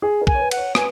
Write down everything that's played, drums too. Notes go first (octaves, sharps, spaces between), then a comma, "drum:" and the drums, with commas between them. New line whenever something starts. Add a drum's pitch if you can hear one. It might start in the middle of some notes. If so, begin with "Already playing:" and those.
G#4
A#4
G#5, drum: kick
C#5
B4
F#5, drum: cymbal
C#5
B4 G#5, drum: rim click